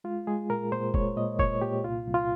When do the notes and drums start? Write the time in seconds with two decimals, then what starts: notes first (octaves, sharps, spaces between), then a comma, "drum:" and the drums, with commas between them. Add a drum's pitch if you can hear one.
0.04 G#3 F4
0.27 G#3 G#4
0.50 A#2 A#4
0.72 A#2 C5
0.94 G#3 C#5, drum: kick
1.17 A#2 D#5
1.39 A#2 C#5, drum: kick
1.61 A#2 G4
1.84 C2 F4
2.07 C2
2.14 F4